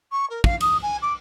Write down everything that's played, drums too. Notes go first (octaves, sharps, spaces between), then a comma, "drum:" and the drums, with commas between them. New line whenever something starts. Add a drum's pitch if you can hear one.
C#6
A#4
F5, drum: kick
D#6, drum: cymbal
G#5
D6